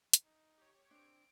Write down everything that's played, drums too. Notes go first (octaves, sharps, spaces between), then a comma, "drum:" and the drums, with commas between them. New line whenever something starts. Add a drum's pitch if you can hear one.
drum: hi-hat
D#4
G4 C#5
C4 D4 D7